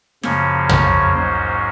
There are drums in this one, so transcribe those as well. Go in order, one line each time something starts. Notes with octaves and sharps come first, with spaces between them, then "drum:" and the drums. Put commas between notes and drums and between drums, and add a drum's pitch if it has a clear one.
F#2 C#3 F3 A#3 C#4 C#5, drum: snare
C#5, drum: tom
G#2 F#3 A#3 C#4 C5